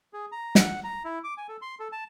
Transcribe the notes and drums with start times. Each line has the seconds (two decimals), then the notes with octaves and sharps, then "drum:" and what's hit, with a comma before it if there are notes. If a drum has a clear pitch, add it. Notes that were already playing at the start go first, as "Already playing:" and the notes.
0.13 G#4
0.32 A#5
0.55 F#5, drum: snare
0.84 A#5
1.05 E4
1.24 D6
1.38 G#5
1.49 A4
1.62 C6
1.80 A4
1.92 A5